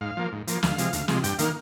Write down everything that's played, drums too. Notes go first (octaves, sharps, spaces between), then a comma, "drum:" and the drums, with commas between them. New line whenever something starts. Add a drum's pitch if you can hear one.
G#2 F5
F3 A#3
G#2
F3 A#3, drum: hi-hat
D2 F5, drum: snare
C3 F3 G#3, drum: hi-hat
D2, drum: hi-hat
C3 F3 G#3, drum: snare
G2 G5, drum: hi-hat
D#3 A#3 F5, drum: hi-hat